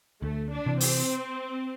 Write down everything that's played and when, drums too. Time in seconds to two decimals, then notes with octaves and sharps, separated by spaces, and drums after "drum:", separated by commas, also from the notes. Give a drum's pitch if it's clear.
0.22 D2 A3
0.51 D4
0.66 C3 E3
0.80 C4, drum: open hi-hat